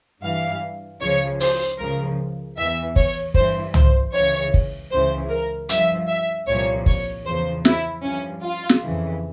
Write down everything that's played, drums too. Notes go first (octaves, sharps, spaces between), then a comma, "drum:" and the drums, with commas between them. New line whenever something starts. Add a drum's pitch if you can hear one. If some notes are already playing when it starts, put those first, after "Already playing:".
G2 E3 F5
C#2 C#3 F3 C#5
C5, drum: open hi-hat
C#2 C#3 F3 A#4
E2 E3 E5
C#5, drum: kick
G2 E3 C5, drum: kick
C5, drum: tom
C#2 C#3 E3 C#5
drum: kick
C#2 C#3 E3 C5
A#4
G2 F3 E5, drum: hi-hat
E5
C2 A#2 F3 C#5
C#5, drum: kick
E2 C#3 F3 C5
E4, drum: snare
G2 F3 C#4
F4
drum: snare
F2 C#3 E3